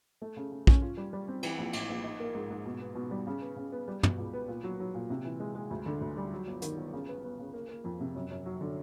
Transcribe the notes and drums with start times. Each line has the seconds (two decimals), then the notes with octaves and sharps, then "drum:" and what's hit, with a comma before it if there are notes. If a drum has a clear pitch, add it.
0.22 A3
0.37 C#3
0.52 C#3
0.67 C#4, drum: kick
0.82 F4
0.97 G3
1.13 G3
1.28 C4
1.43 E3, drum: cymbal
1.58 A#1
1.73 A2, drum: cymbal
1.90 A#1
2.04 D#4
2.20 A#3
2.34 G#2
2.50 G#2
2.66 B2
2.81 B3
2.95 B2
3.11 G3
3.27 C#3
3.41 B3
3.57 C#3
3.72 B3
3.88 G3
4.03 B2, drum: tom
4.18 C#2
4.33 B3
4.48 A#2
4.64 F#3
4.80 F#3
4.95 A#2
5.10 C3
5.25 E3
5.40 G#3
5.55 G#3
5.70 D2
5.86 D3
6.01 D2
6.17 G3
6.32 F#3
6.47 G1
6.62 D#3, drum: hi-hat
6.77 G1
6.93 C#3
7.08 B3
7.24 B3
7.39 C#3
7.54 A#3
7.69 A#3
7.84 F2
8.00 C3
8.15 F#2
8.31 F#2
8.46 F#3
8.61 D3